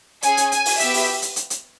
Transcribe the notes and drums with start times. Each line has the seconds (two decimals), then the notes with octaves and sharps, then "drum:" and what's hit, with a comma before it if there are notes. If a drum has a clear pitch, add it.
0.22 C#4 G#4 G#5, drum: hi-hat
0.37 drum: hi-hat
0.52 G#5, drum: hi-hat
0.65 drum: open hi-hat
0.80 B3 G4 E5, drum: hi-hat
0.94 drum: open hi-hat
1.22 drum: hi-hat
1.36 drum: hi-hat
1.50 drum: hi-hat